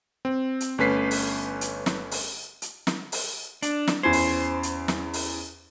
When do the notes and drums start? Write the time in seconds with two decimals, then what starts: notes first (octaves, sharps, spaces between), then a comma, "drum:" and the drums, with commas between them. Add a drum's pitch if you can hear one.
0.25 C4
0.60 drum: hi-hat
0.78 G1 A3 C#4 B4 B6 C7
1.11 drum: open hi-hat
1.61 drum: hi-hat
1.86 drum: snare
2.11 drum: open hi-hat
2.62 drum: hi-hat
2.87 drum: snare
3.12 drum: open hi-hat
3.62 D4, drum: hi-hat
3.88 drum: snare
4.03 E2 C#4 C5 G#6
4.13 drum: open hi-hat
4.63 drum: hi-hat
4.88 drum: snare
5.13 drum: open hi-hat